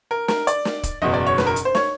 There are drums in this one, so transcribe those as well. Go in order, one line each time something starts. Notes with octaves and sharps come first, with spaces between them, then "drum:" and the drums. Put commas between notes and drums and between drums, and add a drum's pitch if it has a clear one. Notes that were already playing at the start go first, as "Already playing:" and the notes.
A#4
A#4, drum: snare
D5, drum: hi-hat
drum: snare
drum: kick, hi-hat
F#1 E2 B2 D#5
D5
C#5
B4, drum: snare
A#4
drum: hi-hat
C5
C#5, drum: snare